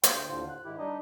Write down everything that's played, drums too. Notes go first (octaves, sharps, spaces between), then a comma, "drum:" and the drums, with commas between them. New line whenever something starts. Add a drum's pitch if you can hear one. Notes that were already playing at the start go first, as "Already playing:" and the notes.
D2 G5 C6, drum: hi-hat
D#2 A2 D3 F4 C5
F#6
G#2 D#3 E4 G4
G3 D4 D#4 G4 D#5